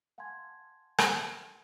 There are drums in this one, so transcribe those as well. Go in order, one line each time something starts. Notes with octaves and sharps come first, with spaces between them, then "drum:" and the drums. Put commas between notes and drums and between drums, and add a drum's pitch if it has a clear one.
F5 F#5 G#5 A5 C6 G#6
drum: rim click